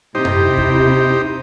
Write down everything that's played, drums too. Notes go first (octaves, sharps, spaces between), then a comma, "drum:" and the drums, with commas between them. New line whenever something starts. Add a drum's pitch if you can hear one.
C3 D#4 E4 G4 C5
drum: tom F#2
drum: kick D#2